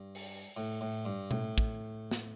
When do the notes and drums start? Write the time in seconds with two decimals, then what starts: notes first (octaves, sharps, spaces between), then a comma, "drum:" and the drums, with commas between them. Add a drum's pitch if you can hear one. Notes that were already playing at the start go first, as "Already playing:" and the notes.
Already playing: G2
0.15 drum: open hi-hat
0.57 A2
0.81 A2
1.05 G2
1.31 A2, drum: tom B2
1.58 drum: kick
2.11 drum: snare